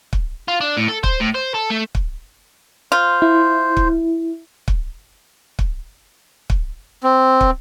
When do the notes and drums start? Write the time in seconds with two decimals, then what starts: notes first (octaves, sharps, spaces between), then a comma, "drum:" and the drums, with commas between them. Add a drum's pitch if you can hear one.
0.13 drum: kick
0.48 F4
0.61 D4
0.77 A2
0.89 A4
1.04 C5, drum: kick
1.21 A2
1.35 C5
1.55 A4
1.70 A3
1.95 drum: kick
2.92 F4 C5
3.22 E4
3.77 drum: kick
4.68 drum: kick
5.59 drum: kick
6.50 drum: kick
7.03 C4
7.41 drum: kick